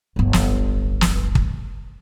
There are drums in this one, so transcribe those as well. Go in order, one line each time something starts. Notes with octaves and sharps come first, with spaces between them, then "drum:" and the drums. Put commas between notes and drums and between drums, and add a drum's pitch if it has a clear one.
D1 G1
drum: snare
drum: snare
drum: kick